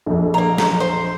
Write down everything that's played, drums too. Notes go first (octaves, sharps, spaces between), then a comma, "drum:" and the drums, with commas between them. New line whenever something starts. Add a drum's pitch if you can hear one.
A#1 F2
A#3 A#5
drum: snare
C5